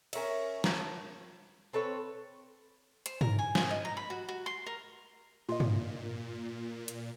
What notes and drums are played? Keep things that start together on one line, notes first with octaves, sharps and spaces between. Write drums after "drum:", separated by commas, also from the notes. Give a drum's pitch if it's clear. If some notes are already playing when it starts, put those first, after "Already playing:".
C#4 A#4 C#5 E5, drum: cymbal
A5 A#5, drum: snare
C4 A4 B4 C#5
C5, drum: hi-hat
A#4, drum: tom
G#5
G#5, drum: snare
D#5
A#5
B5
F#4
F#4
C6
A#4
A#2 F4 D#5
drum: tom
drum: hi-hat